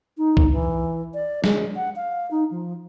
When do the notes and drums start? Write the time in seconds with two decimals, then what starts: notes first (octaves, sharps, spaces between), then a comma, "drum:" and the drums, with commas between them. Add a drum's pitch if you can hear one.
0.18 D#4
0.37 drum: kick B1
0.51 E3
1.14 D5
1.44 G#3, drum: snare
1.76 F#5
1.96 F5
2.31 D#4
2.51 F3